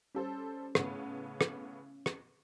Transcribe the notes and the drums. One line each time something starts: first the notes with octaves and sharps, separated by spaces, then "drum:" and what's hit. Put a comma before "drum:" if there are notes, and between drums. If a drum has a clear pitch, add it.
G3 C#4 A4 C5
A2 C#3 B3, drum: rim click
drum: rim click
drum: rim click